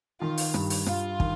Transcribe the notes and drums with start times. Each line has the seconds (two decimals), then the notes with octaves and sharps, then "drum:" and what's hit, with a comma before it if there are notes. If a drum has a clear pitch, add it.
0.21 D#3 F4
0.38 drum: open hi-hat
0.54 G2, drum: rim click
0.70 drum: open hi-hat
0.86 G2 F4, drum: rim click
1.20 D#3, drum: kick